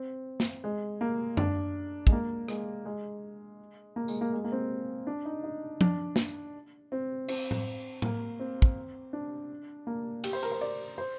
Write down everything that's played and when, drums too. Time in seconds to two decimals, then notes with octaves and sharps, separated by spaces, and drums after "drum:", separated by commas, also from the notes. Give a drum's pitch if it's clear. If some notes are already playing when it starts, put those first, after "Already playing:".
Already playing: C4
0.40 drum: snare
0.64 G#3
1.01 A#3
1.37 D4, drum: tom F#2
2.07 G#3, drum: kick
2.12 A#3
2.48 G#3, drum: rim click
2.85 G#3
3.96 A#3
4.08 G#3, drum: tambourine
4.21 A#3
4.33 G#3
4.44 A#3
4.52 C4
5.07 D4
5.25 D#4
5.44 D#4
5.81 D4, drum: tom F3
6.16 drum: snare
6.92 C4
7.28 C4, drum: cymbal
7.51 drum: tom A2
8.02 A#3, drum: tom A2
8.39 C4
8.62 drum: kick
9.13 D4
9.87 A#3
10.24 G4, drum: cymbal
10.33 C5
10.43 A#4, drum: hi-hat
10.52 C5
10.61 D5
10.98 C5